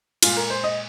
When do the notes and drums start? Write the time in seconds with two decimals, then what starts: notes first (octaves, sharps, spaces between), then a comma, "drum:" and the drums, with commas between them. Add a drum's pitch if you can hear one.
0.23 A#2 G#3 F4, drum: cymbal
0.37 A#4
0.50 C5
0.64 D#5